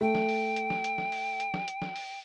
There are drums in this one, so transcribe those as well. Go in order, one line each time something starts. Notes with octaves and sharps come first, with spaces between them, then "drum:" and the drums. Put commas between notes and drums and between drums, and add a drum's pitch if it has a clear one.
A3 G5
drum: snare
drum: open hi-hat
drum: hi-hat
drum: snare
drum: hi-hat
drum: snare
drum: open hi-hat
drum: hi-hat
drum: snare
drum: hi-hat
drum: snare
drum: open hi-hat